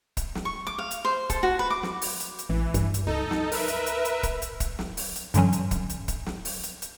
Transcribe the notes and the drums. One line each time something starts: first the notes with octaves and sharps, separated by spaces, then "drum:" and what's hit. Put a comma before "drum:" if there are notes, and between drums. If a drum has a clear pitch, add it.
drum: kick, hi-hat
drum: snare
C#6
D6
F5
drum: hi-hat
C5
A4, drum: kick, hi-hat
F#4
B4
D6
drum: snare
drum: open hi-hat
drum: hi-hat
drum: hi-hat
A1 E3
G2, drum: kick, hi-hat
drum: hi-hat
C#2 D#4 A4
drum: snare
A#4 B4 E5, drum: open hi-hat
drum: hi-hat
drum: hi-hat
drum: hi-hat
drum: kick, hi-hat
drum: hi-hat
drum: kick, hi-hat
drum: snare
drum: open hi-hat
drum: hi-hat
G2 D3 E3 F#3 C#4, drum: hi-hat
drum: hi-hat
drum: kick, hi-hat
drum: hi-hat
drum: kick, hi-hat
drum: snare
drum: open hi-hat
drum: hi-hat
drum: hi-hat